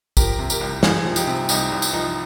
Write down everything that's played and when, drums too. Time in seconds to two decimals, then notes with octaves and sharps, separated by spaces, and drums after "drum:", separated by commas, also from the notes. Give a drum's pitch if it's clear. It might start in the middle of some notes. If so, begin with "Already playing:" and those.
0.17 F3 G4 A#4, drum: kick, tambourine
0.39 C3
0.50 G4 A#4, drum: tambourine
0.61 C2
0.83 C2 F4 G#4, drum: snare
1.05 F3
1.16 D#4 G4, drum: tambourine
1.27 C3
1.49 C2 D#4 G4, drum: tambourine
1.72 C2
1.82 drum: tambourine
1.93 F3 D#4